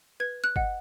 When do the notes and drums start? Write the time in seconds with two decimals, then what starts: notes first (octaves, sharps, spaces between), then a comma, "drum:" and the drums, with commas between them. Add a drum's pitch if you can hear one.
0.20 B4 G#6
0.44 F#6
0.56 D#5 F#5, drum: kick